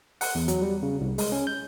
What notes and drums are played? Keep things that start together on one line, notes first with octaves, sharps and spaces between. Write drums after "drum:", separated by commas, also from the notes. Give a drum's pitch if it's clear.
F#5, drum: open hi-hat
E2
F#3, drum: hi-hat
G3
C#3
C2
G#3, drum: open hi-hat
C#4
G6